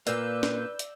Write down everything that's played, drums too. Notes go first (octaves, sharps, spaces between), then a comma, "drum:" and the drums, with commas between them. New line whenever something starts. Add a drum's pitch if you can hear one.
A#2 A#3 B4 D5 E6 G6, drum: hi-hat
drum: snare C#4
drum: hi-hat